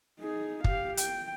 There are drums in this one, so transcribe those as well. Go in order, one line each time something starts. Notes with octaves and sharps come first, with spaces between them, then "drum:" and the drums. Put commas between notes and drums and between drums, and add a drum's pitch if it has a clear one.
D#4 G#4
G4 F5, drum: kick
G5, drum: hi-hat